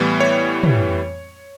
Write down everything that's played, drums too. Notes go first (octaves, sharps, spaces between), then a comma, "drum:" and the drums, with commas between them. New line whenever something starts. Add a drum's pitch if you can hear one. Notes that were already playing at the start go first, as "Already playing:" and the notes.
Already playing: A2 E3 G3 B3
C#5
drum: tom